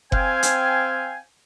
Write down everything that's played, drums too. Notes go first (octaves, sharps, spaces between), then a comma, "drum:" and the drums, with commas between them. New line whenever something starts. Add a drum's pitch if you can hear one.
C4 F5 G5 G#5, drum: kick F#1
drum: hi-hat